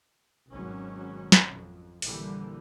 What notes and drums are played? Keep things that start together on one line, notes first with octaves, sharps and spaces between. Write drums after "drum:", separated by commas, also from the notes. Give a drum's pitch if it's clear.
G#1 B2 F#3 C#4
drum: snare
F2
A#1 D3 E3 G3 A#3, drum: open hi-hat